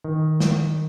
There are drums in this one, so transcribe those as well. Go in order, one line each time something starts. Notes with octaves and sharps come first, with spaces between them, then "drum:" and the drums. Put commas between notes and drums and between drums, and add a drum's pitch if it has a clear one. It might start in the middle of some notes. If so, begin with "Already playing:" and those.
D#3
drum: snare